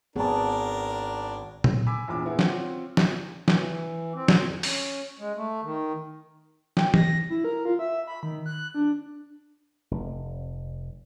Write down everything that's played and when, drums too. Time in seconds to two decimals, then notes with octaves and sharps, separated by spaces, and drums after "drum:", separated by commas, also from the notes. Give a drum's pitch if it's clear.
0.16 G#1 B3 C4 D4 G#4 A#4 A5
1.64 drum: tom A#2
1.86 G#5 B5 D6 E6 B6
2.08 A#1 E2 A#2 B5 D6
2.25 A#2 B3 E4 F4 G#4
2.39 C4 F4 C#5 F#5, drum: snare
2.97 drum: snare
3.48 E3, drum: snare
4.14 C4
4.28 drum: snare
4.42 F2
4.63 C#4, drum: open hi-hat
5.20 G#3
5.36 A3
5.63 D#3
6.77 G5, drum: snare
6.94 A#6, drum: tom E3
7.30 E4
7.44 A#4
7.65 F4
7.79 E5
8.07 B5
8.23 D#3
8.46 F#6
8.75 D4
9.91 F1